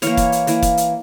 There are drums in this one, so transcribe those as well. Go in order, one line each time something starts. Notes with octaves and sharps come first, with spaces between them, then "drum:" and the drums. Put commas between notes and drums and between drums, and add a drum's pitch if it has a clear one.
E3 A#3 C#5 F5, drum: hi-hat
drum: kick, hi-hat
drum: hi-hat
E3 A#3, drum: hi-hat
drum: kick, hi-hat
drum: hi-hat